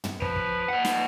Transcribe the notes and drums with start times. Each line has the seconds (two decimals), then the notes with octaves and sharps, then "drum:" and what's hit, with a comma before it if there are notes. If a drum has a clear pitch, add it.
0.04 drum: tom
0.22 F3 B4, drum: kick
0.36 drum: kick
0.68 A#2 F#5
0.85 drum: snare